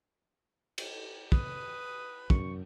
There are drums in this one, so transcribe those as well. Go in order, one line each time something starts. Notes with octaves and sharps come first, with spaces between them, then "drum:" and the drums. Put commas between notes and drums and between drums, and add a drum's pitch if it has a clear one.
drum: cymbal
B4 D#6, drum: kick
F#2 C#6, drum: kick